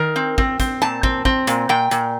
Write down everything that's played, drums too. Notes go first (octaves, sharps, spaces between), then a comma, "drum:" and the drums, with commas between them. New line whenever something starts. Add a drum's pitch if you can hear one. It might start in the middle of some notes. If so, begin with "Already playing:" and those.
Already playing: D#3 A#4
C4
C4, drum: kick
C4, drum: kick, hi-hat
A#2 A5
C4, drum: kick
C4, drum: kick
A#2, drum: hi-hat
A#2 G5
A#2, drum: hi-hat